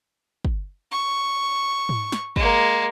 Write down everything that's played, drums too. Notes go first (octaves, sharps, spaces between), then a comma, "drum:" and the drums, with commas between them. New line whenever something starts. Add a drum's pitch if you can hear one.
drum: kick
C#6
drum: tom G#2
drum: snare
G#3 A#3, drum: kick